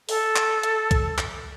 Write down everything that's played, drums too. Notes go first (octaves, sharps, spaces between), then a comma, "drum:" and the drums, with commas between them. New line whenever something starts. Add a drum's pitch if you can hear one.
A4, drum: open hi-hat
drum: clap
drum: hi-hat
drum: kick, hi-hat
drum: clap